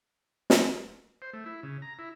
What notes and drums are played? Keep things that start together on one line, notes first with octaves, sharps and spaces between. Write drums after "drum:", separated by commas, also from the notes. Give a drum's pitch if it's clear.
drum: snare
C5
A3
E4
C#3
A#5
E4